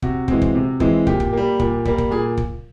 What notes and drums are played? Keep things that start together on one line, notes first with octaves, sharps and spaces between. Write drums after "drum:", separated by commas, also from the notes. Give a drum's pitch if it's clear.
C3 F#4, drum: kick
E3 G#3 C4, drum: kick
drum: kick
C3
E3 G#3 C4, drum: kick
A#2 G4, drum: kick
drum: kick
G3 A#3
A#2, drum: kick
G3 A#3, drum: kick
drum: kick
A#2 G#4
drum: kick